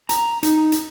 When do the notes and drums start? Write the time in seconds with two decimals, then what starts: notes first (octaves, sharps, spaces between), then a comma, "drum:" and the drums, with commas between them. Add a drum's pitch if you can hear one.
0.09 A#5, drum: hi-hat
0.43 D#4, drum: hi-hat
0.72 drum: hi-hat